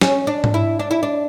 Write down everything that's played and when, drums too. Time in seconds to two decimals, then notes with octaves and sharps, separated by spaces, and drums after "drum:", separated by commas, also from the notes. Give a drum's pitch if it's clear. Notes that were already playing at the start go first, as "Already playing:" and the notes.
0.01 C#4, drum: snare
0.27 D4
0.44 drum: tom G#2
0.54 E4
0.79 D4
0.91 E4
1.03 D4